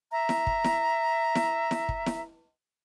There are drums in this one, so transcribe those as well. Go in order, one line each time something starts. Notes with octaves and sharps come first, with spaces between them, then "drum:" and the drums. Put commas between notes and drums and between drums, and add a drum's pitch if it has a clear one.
E5 A#5
drum: snare E4
drum: kick
drum: snare E4
drum: snare E4
drum: snare E4
drum: kick
drum: snare E4